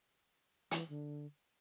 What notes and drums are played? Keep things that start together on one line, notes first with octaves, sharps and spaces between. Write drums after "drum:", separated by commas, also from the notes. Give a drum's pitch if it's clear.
E3, drum: hi-hat
D3